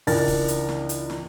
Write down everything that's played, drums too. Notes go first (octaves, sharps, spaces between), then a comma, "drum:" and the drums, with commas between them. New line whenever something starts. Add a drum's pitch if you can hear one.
C#2 E3 D4 A#4 G5 A6, drum: open hi-hat
drum: kick C#1, open hi-hat
drum: hi-hat
drum: snare
drum: hi-hat
drum: snare